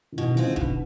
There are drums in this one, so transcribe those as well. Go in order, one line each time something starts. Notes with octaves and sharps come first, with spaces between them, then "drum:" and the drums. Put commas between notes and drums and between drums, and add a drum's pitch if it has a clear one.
D#3
B2 E3
D#3
G#3 C4 F4
D3
B2, drum: kick D1